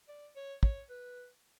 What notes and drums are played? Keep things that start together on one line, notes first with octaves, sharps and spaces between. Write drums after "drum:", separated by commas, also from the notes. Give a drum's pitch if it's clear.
D5
C#5
C#5, drum: kick
B4